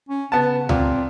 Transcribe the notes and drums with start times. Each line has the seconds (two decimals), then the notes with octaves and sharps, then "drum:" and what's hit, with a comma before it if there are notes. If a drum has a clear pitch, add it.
0.09 C#4
0.32 C#3 B3 A5
0.69 A#2 C4, drum: tom C#2